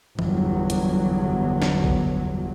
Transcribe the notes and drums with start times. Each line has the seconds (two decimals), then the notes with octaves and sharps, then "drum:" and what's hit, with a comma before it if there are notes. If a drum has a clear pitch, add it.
0.19 G1 E2 F#3, drum: tom E3
0.70 drum: hi-hat
1.62 drum: snare
1.84 drum: kick